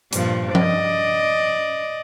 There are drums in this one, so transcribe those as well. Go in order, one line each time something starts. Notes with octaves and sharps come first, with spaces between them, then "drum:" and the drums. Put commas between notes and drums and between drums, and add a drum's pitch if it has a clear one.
G2 A#2 F3, drum: hi-hat
D5 D#5, drum: tom F3